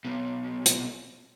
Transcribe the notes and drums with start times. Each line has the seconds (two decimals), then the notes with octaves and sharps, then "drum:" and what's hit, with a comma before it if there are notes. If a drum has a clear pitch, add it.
0.05 B1 B2
0.66 drum: hi-hat